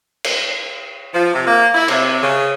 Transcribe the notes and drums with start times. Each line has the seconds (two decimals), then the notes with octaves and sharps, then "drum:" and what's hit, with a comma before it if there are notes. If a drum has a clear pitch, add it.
0.24 drum: cymbal
1.13 F3
1.33 C3
1.47 A#3
1.74 E4
1.88 C3, drum: cymbal
2.21 C#3